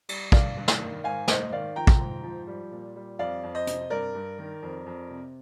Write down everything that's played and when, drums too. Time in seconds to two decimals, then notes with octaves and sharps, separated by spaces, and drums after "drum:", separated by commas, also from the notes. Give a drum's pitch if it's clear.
0.09 G3, drum: cymbal
0.32 G2 D5 F5, drum: kick
0.57 G2
0.68 drum: snare
0.81 D#3
1.04 G#2 F5 G#5
1.28 G#2 C5 D#5, drum: snare
1.52 D#3 D5 F5
1.76 F3 G5 A#5
1.87 drum: kick
2.00 G#2
2.23 F3
2.47 G3
2.71 A#2
2.96 G3
3.19 F2 D5 F5
3.43 F2
3.55 C5 D#5
3.67 C3, drum: hi-hat
3.90 G2 A#4 D5
4.15 G2
4.38 D#3
4.63 F2
4.86 F2
5.10 C3